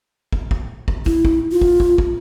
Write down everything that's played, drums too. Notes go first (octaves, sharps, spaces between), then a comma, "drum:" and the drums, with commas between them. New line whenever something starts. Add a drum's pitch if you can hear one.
drum: kick
drum: kick
drum: kick
E4, drum: kick
drum: kick
F4
drum: kick
drum: kick
drum: kick